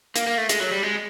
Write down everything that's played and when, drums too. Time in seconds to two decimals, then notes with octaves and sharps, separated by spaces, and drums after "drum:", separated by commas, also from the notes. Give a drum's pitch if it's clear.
0.16 A#3, drum: hi-hat
0.27 A#3
0.38 A3
0.49 G#3, drum: hi-hat
0.60 F#3
0.72 G3
0.83 G#3